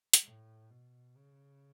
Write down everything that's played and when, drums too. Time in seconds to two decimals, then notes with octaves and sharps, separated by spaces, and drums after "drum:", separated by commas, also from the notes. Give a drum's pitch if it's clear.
0.13 drum: hi-hat
0.24 A2
0.70 B2
1.16 C#3